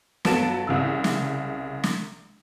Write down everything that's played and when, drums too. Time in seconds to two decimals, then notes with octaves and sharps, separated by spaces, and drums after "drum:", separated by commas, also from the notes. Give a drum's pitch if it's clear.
0.25 G1 F#3 B3 A4 D7 E7, drum: snare
0.67 C2 C#3 E6
1.04 drum: snare
1.84 drum: snare